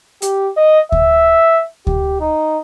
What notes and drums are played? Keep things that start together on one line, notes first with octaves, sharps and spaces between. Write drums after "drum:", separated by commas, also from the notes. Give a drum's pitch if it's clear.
G4, drum: hi-hat
D#5
E5, drum: kick D2
G4, drum: kick D2
D#4